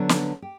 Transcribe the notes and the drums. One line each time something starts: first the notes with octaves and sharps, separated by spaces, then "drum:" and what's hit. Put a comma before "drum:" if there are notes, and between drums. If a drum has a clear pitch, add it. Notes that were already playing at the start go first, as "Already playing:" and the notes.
Already playing: D3 F#3 B3 D4
drum: snare
G4